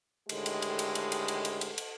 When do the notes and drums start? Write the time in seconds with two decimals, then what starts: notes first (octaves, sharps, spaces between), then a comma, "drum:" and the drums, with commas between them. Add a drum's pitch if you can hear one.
0.29 A2 D3 D#3 G#3 G4, drum: cymbal
0.46 drum: cymbal
0.62 drum: cymbal
0.79 drum: cymbal
0.95 drum: cymbal
1.12 drum: cymbal
1.28 drum: cymbal
1.45 drum: cymbal
1.61 drum: cymbal
1.78 drum: cymbal